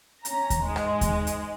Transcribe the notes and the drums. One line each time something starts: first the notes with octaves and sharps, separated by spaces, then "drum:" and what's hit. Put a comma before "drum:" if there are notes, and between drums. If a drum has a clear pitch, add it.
C#4 A#5, drum: hi-hat
drum: kick D#2, hi-hat
G#2 G#3
drum: rim click
drum: kick D#2, hi-hat
drum: hi-hat